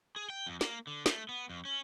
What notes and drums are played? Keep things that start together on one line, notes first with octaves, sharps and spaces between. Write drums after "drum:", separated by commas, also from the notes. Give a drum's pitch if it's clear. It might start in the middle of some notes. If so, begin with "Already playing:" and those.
G#4
G5
F2
A#3, drum: snare
D3
A3, drum: snare
B3
F2
C#4